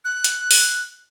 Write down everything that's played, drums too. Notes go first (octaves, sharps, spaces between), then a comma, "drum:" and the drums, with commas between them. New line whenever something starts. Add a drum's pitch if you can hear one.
F#6
drum: hi-hat
drum: open hi-hat